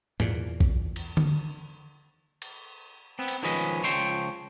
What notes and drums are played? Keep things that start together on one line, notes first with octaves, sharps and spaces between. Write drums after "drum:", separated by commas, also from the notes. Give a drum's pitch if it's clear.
E2 A#2, drum: tom G#2
drum: kick
drum: cymbal
drum: tom D3
drum: cymbal
B3 C4
drum: cymbal
D#3 F3 G#3 C#4 B4 D#5
C#2 F3 C#5 G5 C6